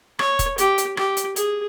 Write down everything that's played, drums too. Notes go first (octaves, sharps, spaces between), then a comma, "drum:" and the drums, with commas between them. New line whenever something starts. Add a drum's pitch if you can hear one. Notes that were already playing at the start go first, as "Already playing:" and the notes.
C#5, drum: rim click
drum: kick, hi-hat
G4, drum: hi-hat
drum: hi-hat
G4, drum: rim click
drum: hi-hat
G#4, drum: hi-hat